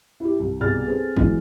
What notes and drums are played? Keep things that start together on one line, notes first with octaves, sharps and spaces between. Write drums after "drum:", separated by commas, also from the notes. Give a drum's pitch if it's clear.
E4 G4
C2
C2 B2 G#4 D5 F6 A6
C4 G#4 A4 B4
E3 F#3 G#3 B3, drum: kick G1